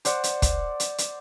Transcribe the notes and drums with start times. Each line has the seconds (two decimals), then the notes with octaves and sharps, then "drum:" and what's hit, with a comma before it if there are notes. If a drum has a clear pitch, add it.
0.05 C5 D5 F#5, drum: hi-hat
0.24 drum: hi-hat
0.42 drum: kick, hi-hat
0.80 drum: hi-hat
0.98 drum: hi-hat